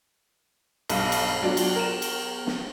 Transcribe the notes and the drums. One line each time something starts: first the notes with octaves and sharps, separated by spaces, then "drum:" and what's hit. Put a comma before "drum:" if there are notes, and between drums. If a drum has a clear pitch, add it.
B1 G2 F5, drum: cymbal
drum: cymbal
F#3 B3 D4 F4
drum: cymbal
A#4 E7
drum: cymbal
drum: snare